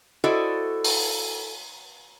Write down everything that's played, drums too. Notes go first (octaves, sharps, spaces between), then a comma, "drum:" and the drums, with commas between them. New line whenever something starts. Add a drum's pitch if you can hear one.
E4 F#4 A4 C5 D5 D#5
drum: open hi-hat